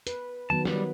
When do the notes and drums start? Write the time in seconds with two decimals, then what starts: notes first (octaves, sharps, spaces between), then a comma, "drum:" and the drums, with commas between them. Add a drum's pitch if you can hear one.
0.07 B4, drum: hi-hat
0.50 D#3 F#3 B3 A5
0.65 G3 B4, drum: snare